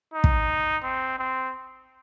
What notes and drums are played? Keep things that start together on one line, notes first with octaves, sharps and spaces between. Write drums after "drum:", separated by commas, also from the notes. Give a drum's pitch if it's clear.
D#4
drum: kick
C4
C4